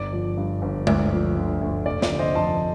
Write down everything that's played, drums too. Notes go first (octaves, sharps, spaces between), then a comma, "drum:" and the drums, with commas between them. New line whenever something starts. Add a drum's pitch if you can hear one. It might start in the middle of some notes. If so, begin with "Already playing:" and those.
Already playing: G1 D5
F3
G2
G1
D2 D5, drum: tom G#3
F3
D3
D2
F1 D5
D5, drum: snare
D3
C5 D#5
F2 A5 C6